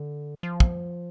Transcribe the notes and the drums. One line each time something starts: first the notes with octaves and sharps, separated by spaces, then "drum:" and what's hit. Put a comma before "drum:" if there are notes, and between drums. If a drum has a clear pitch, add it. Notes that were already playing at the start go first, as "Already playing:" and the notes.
Already playing: D3
F3
drum: kick